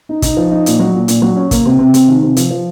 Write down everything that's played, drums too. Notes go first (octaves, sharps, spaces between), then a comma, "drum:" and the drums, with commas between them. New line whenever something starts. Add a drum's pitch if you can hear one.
D#4
D#4, drum: kick, hi-hat
F3
D#4
A#2, drum: hi-hat
F#3
A#2
A#2, drum: hi-hat
F#3
C#4
A#3, drum: kick, hi-hat
C3
C3
C3, drum: hi-hat
D#3
C3
F3, drum: hi-hat
F3